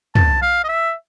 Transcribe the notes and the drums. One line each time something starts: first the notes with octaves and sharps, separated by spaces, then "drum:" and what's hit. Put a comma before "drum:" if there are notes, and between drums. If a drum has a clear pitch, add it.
A5, drum: tom
F5
D#5
E5